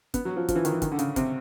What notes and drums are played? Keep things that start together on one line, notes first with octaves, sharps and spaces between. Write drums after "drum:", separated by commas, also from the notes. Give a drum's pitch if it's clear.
B3, drum: kick, hi-hat
F#3
F3
F3, drum: kick, hi-hat
E3
D#3, drum: hi-hat
E3
D#3, drum: kick, hi-hat
D3
C#3, drum: hi-hat
C3, drum: kick, hi-hat